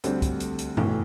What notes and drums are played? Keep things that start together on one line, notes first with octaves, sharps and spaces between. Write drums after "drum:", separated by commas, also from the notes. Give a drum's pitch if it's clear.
D2 D3 G3 C4, drum: hi-hat
drum: kick C2, hi-hat
drum: hi-hat
drum: hi-hat
B1 A2 E3, drum: tom F#2